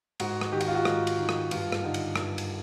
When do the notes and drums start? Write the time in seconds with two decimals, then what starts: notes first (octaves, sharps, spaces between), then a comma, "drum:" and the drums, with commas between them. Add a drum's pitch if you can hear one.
0.20 G#2 F#4, drum: cymbal
0.41 drum: rim click
0.52 D#3 G4
0.60 F#4, drum: cymbal
0.67 F4
0.75 F#4
0.85 G#2, drum: rim click
1.07 drum: cymbal
1.18 D#3
1.29 drum: rim click
1.51 G2 F4, drum: cymbal
1.72 drum: rim click
1.83 D3 D#4
1.94 drum: cymbal
2.16 G2, drum: rim click
2.38 drum: cymbal